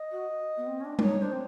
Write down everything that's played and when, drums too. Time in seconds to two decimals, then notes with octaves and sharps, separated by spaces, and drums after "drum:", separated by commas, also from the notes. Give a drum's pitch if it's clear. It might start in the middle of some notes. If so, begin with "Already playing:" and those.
Already playing: D#5
0.12 F#4
0.57 B3
0.67 C4
0.81 C#4
0.85 D4
0.99 D4, drum: tom G3
1.03 D#4 C#5
1.21 D4 C5
1.32 C4